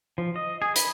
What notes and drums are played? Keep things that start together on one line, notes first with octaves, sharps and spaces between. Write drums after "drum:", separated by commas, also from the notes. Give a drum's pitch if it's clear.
F3
D#5
G#4
B5, drum: hi-hat